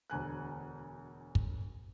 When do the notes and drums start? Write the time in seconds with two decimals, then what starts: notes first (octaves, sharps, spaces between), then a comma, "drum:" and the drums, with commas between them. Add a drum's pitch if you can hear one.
0.10 E1 D2 G#5 F#6
1.35 drum: kick